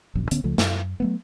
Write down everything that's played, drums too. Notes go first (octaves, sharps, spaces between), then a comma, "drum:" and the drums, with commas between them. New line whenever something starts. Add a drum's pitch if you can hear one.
D#1 A#1 F#2
D1 D3 B3 C#4, drum: hi-hat
C#2 C#3 F3 A3
F#2, drum: snare
F#3 A3 B3